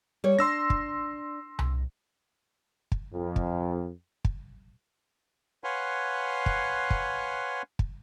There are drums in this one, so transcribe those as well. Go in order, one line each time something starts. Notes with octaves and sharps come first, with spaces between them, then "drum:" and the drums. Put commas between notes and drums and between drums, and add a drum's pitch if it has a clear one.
G3 C#5
D4 C6 E6 A#6
drum: kick
drum: tom C2
drum: kick
F2
drum: kick
drum: kick
B4 C#5 F5 F#5 G#5 C6
drum: kick
drum: kick
drum: kick